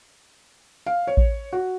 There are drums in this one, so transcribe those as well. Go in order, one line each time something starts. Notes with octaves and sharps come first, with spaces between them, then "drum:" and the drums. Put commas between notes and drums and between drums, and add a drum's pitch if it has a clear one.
F5
C#5
drum: kick A1
F#4